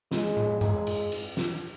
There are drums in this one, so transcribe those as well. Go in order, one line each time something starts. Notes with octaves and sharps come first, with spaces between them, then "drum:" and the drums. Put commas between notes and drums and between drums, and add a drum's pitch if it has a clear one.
G#3, drum: snare
drum: tom A2
G#3, drum: tom G2
drum: cymbal
drum: cymbal
drum: snare